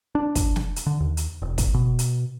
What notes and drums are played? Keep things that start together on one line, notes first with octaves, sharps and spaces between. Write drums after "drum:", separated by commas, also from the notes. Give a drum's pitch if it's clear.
D4
drum: kick, hi-hat
drum: snare
drum: hi-hat
D3
D#2
drum: hi-hat
E1
drum: kick, hi-hat
B2
drum: hi-hat